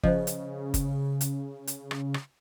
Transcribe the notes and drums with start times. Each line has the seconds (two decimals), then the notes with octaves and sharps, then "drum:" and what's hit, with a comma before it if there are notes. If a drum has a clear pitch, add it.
0.03 C#3 F3 C5 D#5, drum: kick G1
0.27 drum: hi-hat
0.74 drum: kick G1, hi-hat
1.21 drum: hi-hat
1.67 drum: hi-hat
1.91 drum: rim click
2.14 drum: rim click